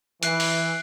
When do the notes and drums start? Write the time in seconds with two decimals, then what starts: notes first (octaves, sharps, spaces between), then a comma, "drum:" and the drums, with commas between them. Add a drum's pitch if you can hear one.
0.23 E3 F#6 C7 D7, drum: hi-hat
0.40 drum: open hi-hat